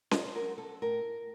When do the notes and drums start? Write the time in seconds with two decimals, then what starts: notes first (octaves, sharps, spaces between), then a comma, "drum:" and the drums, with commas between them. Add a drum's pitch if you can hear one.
0.11 D#5, drum: snare C#4
0.25 C5
0.35 F#3 A#4
0.58 A4
0.82 A2 A#4